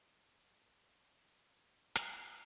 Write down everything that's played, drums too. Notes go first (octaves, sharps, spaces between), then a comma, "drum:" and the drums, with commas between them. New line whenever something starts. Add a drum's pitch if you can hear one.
D#5 F5 F#5 A5
drum: hi-hat